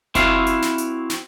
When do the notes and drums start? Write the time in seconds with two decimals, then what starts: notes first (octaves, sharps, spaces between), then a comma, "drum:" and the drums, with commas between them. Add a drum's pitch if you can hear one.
0.15 C4 E4 F#4 F5, drum: kick F#1, hi-hat
0.47 drum: hi-hat
0.62 drum: snare
0.78 drum: hi-hat
1.10 drum: snare